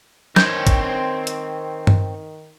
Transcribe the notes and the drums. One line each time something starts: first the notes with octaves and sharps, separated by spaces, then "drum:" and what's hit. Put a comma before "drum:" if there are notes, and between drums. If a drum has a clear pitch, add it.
D#3 C4 C#5 G6, drum: snare
drum: kick, hi-hat
drum: hi-hat
drum: tom G2